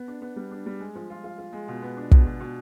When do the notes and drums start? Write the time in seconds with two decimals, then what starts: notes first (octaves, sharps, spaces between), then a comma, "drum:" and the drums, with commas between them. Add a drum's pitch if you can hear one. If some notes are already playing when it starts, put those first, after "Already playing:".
Already playing: B3
0.08 D4
0.22 B3
0.36 G3
0.52 D4
0.66 G3
0.80 G#3
0.95 F3
1.10 F4
1.24 F4
1.38 F4
1.53 G#3
1.68 B2
1.83 B3
1.97 D4
2.11 B2, drum: kick
2.26 B2
2.40 B2